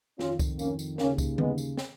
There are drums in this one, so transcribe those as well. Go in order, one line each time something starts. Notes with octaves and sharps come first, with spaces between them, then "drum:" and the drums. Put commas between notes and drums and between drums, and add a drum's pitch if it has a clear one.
F2 D#3 C#4 F4, drum: snare
drum: kick C2, tambourine
A#3 C#4, drum: tambourine
drum: tambourine
D#2 C#3 A#3 C#4, drum: snare
drum: kick C2, tambourine
G#3 B3, drum: tom D3
drum: tambourine
drum: snare